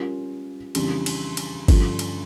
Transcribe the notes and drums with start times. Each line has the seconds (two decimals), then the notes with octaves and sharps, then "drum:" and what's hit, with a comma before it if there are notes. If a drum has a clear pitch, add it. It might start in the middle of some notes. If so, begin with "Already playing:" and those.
Already playing: G3 C#4 F4 A#4
0.75 F2 C#3 E3 G3 D4, drum: cymbal
1.06 drum: cymbal
1.37 drum: cymbal
1.68 G2 D3 F3 C#4 F4, drum: kick G1, cymbal
1.99 drum: cymbal